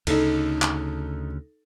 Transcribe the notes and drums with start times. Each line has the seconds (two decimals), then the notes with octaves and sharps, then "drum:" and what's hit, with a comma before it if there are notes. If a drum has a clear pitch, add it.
0.07 D2 C#3 D#4 A4, drum: cymbal
0.62 drum: clap